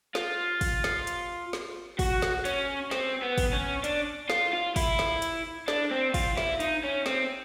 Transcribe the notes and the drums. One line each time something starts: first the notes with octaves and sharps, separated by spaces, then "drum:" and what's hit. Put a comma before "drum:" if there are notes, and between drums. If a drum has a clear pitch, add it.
F4, drum: snare
drum: kick, open hi-hat
drum: snare
drum: hi-hat
drum: snare
F#4, drum: kick, open hi-hat
drum: snare
C#4, drum: hi-hat
C4, drum: snare
B3
drum: kick, open hi-hat
C#4
D4, drum: hi-hat
F4, drum: snare
F4
E4, drum: kick, open hi-hat
drum: snare
drum: hi-hat
D4, drum: snare
C4
F4, drum: kick, open hi-hat
E4, drum: snare
D#4, drum: hi-hat
C#4
C4, drum: snare